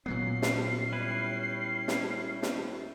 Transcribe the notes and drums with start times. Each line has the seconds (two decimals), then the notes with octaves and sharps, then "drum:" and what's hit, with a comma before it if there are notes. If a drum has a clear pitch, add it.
0.06 A#2 F#3 B3 C#4 C7
0.42 drum: snare
0.92 G3 E4 B4
1.88 drum: snare
2.43 drum: snare